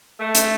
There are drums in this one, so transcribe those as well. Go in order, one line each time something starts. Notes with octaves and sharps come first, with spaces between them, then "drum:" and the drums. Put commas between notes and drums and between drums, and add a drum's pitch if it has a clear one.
A3
drum: hi-hat